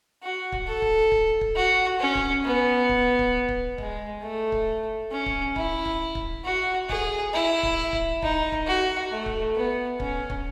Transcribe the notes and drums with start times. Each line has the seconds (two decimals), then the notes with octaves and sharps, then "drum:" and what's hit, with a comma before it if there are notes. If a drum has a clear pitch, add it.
0.23 F#4
0.52 drum: kick
0.67 A4
0.82 drum: kick
1.12 drum: kick
1.41 drum: kick
1.56 F#4
2.00 C#4
2.15 drum: kick
2.45 B3
2.89 drum: kick
3.19 drum: kick
3.49 drum: kick
3.78 G#3, drum: kick
4.22 A3
4.52 drum: kick
5.11 C#4
5.26 drum: kick
5.56 E4, drum: kick
5.85 drum: kick
6.15 drum: kick
6.45 F#4
6.89 G#4, drum: kick
7.33 E4
7.63 drum: kick
7.93 drum: kick
8.22 D#4, drum: kick
8.52 drum: kick
8.67 F#4
9.11 A3
9.26 drum: kick
9.56 B3
10.00 C#4, drum: kick
10.30 drum: kick